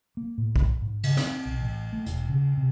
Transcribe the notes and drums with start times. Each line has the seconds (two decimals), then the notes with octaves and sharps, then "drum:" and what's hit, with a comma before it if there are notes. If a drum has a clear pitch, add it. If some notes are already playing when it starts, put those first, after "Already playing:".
0.17 A#3
0.38 A2
0.56 drum: kick
0.82 G#2
1.03 C#3, drum: cymbal
1.17 C4, drum: snare
1.45 B1
1.60 A1
1.93 A3
2.06 E1, drum: hi-hat
2.29 C#3
2.57 C3